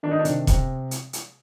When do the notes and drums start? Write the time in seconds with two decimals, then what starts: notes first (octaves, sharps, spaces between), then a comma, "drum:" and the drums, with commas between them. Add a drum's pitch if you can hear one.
0.03 D#3 D4
0.11 D#4
0.19 D4
0.25 C3, drum: hi-hat
0.47 C3, drum: kick E1, hi-hat
0.91 drum: hi-hat
1.13 drum: hi-hat